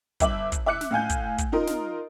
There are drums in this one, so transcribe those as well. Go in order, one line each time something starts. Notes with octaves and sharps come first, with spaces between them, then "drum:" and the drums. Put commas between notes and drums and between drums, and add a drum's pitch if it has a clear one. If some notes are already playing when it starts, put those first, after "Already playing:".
G1 E5 D6 F#7, drum: kick, hi-hat
drum: kick, hi-hat
E5 D6 F#6 C#7
drum: snare
A2 F5 G#5 G6
drum: kick, hi-hat
drum: kick, hi-hat
D#4 F4 A#4 D#5
drum: snare